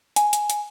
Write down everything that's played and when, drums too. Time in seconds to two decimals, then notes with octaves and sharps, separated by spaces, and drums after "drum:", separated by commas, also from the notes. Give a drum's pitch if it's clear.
0.16 G#5, drum: hi-hat
0.33 drum: hi-hat
0.50 drum: hi-hat